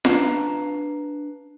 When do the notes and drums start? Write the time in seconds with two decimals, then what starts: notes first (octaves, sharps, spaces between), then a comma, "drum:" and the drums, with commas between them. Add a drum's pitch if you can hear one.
0.05 D4 B4 F5 A5 A#5, drum: snare F4